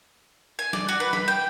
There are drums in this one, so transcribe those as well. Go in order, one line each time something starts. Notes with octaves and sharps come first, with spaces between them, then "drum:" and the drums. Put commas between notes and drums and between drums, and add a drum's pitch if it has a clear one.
G#5
D5, drum: snare
F#4
B4
B5, drum: snare
G5